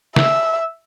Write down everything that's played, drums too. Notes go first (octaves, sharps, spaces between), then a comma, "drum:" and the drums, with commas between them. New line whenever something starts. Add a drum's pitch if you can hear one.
E5, drum: snare